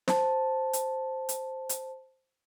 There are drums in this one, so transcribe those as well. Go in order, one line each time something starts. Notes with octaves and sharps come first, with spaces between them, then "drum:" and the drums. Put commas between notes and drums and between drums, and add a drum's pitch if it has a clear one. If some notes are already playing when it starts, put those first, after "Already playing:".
C5 A5, drum: snare
drum: hi-hat
drum: hi-hat
drum: hi-hat